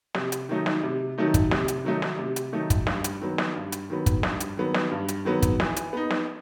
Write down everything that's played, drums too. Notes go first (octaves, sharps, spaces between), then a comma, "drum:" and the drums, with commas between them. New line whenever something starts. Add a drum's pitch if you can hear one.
C3, drum: snare
drum: hi-hat
D#3 F#3 A3 D#4
drum: snare
C3
D#3 F#3 A3 D#4
drum: kick, hi-hat
C3, drum: snare
drum: hi-hat
D#3 F#3 A3 D#4
drum: snare
C3
drum: hi-hat
D#3 F#3 A3 D#4
drum: kick, hi-hat
G2, drum: snare
drum: hi-hat
D#3 F#3 B3
drum: snare
G2
drum: hi-hat
D#3 F#3 B3
drum: kick, hi-hat
G2, drum: snare
drum: hi-hat
D#3 F#3 B3
drum: snare
G2
drum: hi-hat
D#3 F#3 B3
drum: kick, hi-hat
E3, drum: snare
drum: hi-hat
B3 D#4
drum: snare